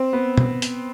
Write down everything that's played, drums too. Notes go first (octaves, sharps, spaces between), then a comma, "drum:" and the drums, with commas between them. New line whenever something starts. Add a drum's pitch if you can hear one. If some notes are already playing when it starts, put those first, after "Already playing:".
Already playing: C4
B3
drum: tom
drum: hi-hat